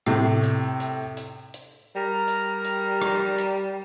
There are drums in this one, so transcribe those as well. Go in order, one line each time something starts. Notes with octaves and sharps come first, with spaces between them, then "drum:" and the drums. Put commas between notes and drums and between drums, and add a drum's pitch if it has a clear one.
A2 C3, drum: rim click
drum: hi-hat
drum: hi-hat
drum: hi-hat
drum: hi-hat
G3 A#4 A#5
drum: hi-hat
drum: hi-hat
drum: rim click
drum: hi-hat